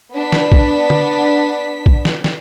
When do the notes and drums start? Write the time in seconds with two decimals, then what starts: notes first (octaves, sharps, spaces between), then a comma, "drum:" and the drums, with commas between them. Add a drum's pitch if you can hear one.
0.13 B3 D4 B6
0.32 drum: snare
0.52 drum: kick
0.90 drum: tom D3
1.86 drum: kick
2.05 drum: snare
2.24 drum: snare